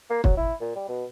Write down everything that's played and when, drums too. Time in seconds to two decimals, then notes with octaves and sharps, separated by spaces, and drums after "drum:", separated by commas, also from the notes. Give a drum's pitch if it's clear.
0.10 A#3
0.24 F#3, drum: kick
0.37 E4
0.61 A#2
0.75 G3
0.89 B2